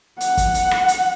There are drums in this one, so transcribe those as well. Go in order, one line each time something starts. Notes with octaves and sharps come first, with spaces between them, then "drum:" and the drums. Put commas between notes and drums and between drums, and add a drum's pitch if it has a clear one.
F#5, drum: hi-hat
drum: kick, hi-hat
drum: hi-hat
drum: rim click
drum: hi-hat